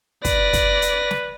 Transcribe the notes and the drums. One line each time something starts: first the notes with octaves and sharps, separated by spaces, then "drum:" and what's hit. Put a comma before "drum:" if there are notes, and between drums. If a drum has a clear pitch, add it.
B4 D5 A#6, drum: kick, hi-hat
drum: kick, hi-hat
drum: hi-hat
drum: snare